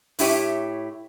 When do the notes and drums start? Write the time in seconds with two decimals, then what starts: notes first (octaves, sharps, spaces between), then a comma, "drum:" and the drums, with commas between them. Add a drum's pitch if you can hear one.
0.19 A2 E4 G4 C#5, drum: open hi-hat